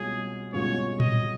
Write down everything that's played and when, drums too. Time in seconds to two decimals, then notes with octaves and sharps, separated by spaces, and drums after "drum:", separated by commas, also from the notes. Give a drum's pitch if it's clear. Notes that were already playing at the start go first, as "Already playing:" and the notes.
Already playing: C2 B2 G#3 C#4 F4 G#4
0.53 C2 B2 G#3 C#4 F4 C#5
1.00 D#5, drum: tom A2